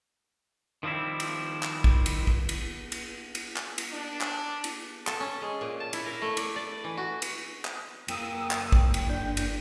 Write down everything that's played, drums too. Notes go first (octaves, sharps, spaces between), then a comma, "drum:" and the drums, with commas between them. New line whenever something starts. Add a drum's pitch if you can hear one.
D#3 F3 G3 C4 E4
drum: cymbal
drum: clap
drum: kick
drum: cymbal
drum: kick
drum: cymbal
drum: cymbal
drum: cymbal
drum: clap
drum: cymbal
D4
drum: clap
drum: cymbal
A4, drum: clap
C#4
G#3
A#2
A5
E4, drum: cymbal
A#4
A3
D5, drum: cymbal
D5
E3
F#4
drum: cymbal
drum: clap
F#2 A#3 A#4 G5 D#6 E6, drum: cymbal
drum: clap
drum: kick
drum: cymbal
G1 D4 G6
drum: cymbal